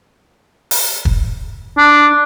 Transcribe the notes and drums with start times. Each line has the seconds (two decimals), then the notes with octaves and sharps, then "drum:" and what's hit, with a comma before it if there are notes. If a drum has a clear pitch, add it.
0.71 drum: open hi-hat
1.05 drum: kick
1.78 D4